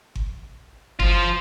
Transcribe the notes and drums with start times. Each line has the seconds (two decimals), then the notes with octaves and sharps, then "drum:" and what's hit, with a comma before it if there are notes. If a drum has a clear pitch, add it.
0.15 drum: kick G1
1.00 G1 F3 F4, drum: kick G1